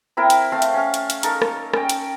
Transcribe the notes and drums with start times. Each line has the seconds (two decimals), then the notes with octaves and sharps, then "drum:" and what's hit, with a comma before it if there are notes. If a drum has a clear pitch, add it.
0.17 C4 E4 A#4
0.30 drum: hi-hat
0.52 A3 C4 F5
0.62 drum: hi-hat
0.74 C#4 F5
0.94 drum: hi-hat
1.10 drum: hi-hat
1.23 D#4 A4 A#4 F5, drum: hi-hat
1.42 drum: rim click
1.74 C#4 D#5 G5, drum: rim click
1.89 drum: hi-hat